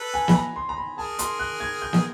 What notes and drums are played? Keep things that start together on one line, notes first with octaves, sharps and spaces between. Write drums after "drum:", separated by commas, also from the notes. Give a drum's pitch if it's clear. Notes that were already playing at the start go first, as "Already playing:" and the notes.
Already playing: A4 B4
G#5
B5, drum: snare
A#5
C6
A#5
B5
G#4 A#4 A5
C6, drum: hi-hat
F#6
G#6
G6
drum: snare